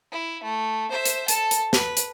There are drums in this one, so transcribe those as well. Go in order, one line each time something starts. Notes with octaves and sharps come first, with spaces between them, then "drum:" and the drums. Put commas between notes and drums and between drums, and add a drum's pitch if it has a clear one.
E4
A3
C5 E5
drum: hi-hat
A4 A5, drum: hi-hat
drum: hi-hat
B4, drum: snare
drum: hi-hat